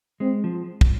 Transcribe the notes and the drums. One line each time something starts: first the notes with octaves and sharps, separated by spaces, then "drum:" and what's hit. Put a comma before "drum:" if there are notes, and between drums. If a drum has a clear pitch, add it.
G#3 C4
F3
drum: kick